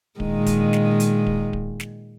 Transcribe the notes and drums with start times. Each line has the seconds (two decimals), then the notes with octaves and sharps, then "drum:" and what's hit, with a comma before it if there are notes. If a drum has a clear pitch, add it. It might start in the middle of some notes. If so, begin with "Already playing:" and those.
0.20 A#2 D#3 G#3, drum: kick D1
0.46 drum: kick D1, hi-hat
0.73 drum: snare
1.00 drum: hi-hat
1.26 drum: kick D1
1.53 drum: kick D1
1.80 drum: snare